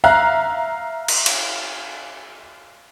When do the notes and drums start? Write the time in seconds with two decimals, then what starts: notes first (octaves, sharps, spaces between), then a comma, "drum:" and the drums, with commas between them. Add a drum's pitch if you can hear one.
0.04 E5 F5 A#5 F#6
1.08 drum: cymbal
1.26 drum: cymbal